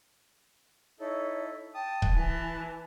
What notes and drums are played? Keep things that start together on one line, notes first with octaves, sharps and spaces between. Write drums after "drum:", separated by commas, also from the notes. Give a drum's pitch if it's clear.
D#4 E4 A4 C#5
G5 A5 D#6
drum: kick C#1
E3 G#5 A5